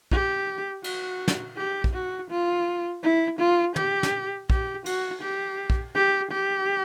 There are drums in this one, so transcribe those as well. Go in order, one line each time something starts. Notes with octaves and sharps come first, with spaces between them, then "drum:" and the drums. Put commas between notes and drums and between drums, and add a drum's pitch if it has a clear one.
G4, drum: kick
F#4, drum: cymbal
drum: snare
G4
drum: kick
F#4
F4
E4
F4
G4, drum: tom
drum: snare
G4, drum: kick
F#4, drum: cymbal
G4
drum: kick
G4
G4